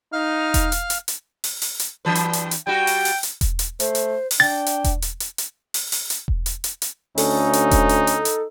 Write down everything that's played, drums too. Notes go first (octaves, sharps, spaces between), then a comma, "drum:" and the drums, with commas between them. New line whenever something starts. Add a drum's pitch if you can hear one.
D#4 F5 F6
drum: kick E1, hi-hat
drum: hi-hat
drum: hi-hat
drum: hi-hat
drum: open hi-hat
drum: open hi-hat
drum: hi-hat
G2 E3 B4
drum: hi-hat
drum: hi-hat
drum: hi-hat
G3 F#4 G4 G5
drum: open hi-hat
drum: open hi-hat
drum: hi-hat
drum: kick E1, hi-hat
drum: hi-hat
A3 C5, drum: hi-hat
drum: hi-hat
drum: open hi-hat
D4 G5 A6
drum: hi-hat
drum: kick E1, hi-hat
drum: hi-hat
drum: hi-hat
drum: hi-hat
drum: open hi-hat
drum: open hi-hat
drum: hi-hat
drum: kick E1
drum: hi-hat
drum: hi-hat
drum: hi-hat
D2 C#4 D#4 A4, drum: open hi-hat
drum: hi-hat
drum: kick E1, hi-hat
drum: hi-hat
drum: hi-hat
drum: hi-hat